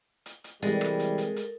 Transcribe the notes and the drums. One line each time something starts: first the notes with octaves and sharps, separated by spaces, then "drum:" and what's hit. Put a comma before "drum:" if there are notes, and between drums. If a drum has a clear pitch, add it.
drum: hi-hat
drum: hi-hat
C3 E3 G3 G#3 A4 A#4, drum: hi-hat
drum: rim click
drum: hi-hat
drum: hi-hat
drum: hi-hat